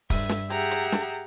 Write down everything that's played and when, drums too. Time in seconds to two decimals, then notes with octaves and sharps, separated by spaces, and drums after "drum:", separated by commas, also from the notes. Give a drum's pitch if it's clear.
0.10 G2 E5, drum: kick, open hi-hat
0.29 drum: snare
0.50 G4 G#4 E5 F#5 A#5, drum: hi-hat
0.71 drum: hi-hat
0.92 drum: snare